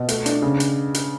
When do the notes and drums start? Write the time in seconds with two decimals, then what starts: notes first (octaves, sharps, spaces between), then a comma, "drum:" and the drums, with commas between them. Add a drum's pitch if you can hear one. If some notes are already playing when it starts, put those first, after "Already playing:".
Already playing: B2
0.09 A3, drum: hi-hat
0.26 D4, drum: hi-hat
0.42 C#3
0.60 drum: hi-hat
0.94 drum: hi-hat